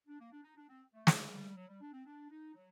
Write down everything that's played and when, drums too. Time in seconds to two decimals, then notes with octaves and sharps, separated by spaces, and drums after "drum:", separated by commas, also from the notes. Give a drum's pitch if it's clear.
0.08 D4
0.20 A#3
0.32 D4
0.44 D#4
0.57 D4
0.69 C4
0.94 A3
1.07 G3, drum: snare
1.31 G3
1.56 F#3
1.68 G3
1.81 D4
1.93 C4
2.06 D4
2.30 D#4
2.54 F#3